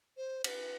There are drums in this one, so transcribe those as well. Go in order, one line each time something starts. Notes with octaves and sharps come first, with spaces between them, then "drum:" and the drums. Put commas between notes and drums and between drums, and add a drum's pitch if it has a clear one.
C5
C5, drum: cymbal
B4